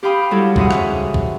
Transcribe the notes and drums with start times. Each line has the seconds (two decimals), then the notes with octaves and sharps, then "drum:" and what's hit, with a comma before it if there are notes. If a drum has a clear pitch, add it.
0.03 G4 F5 G5 B5 D#6
0.31 F#3 G3 E4 F#4 A4 C#5
0.56 G#2 C#3 F#4 E5 F#5 D#6, drum: kick
0.71 drum: rim click
1.14 drum: kick